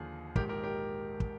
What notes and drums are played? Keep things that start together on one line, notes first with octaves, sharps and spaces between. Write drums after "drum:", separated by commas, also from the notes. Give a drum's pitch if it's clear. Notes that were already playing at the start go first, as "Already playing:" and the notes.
Already playing: D#2 D3 F3 G#4
A#1 G#2 D#3 G4 A#4, drum: kick
G4 A#4
G4 A#4
drum: kick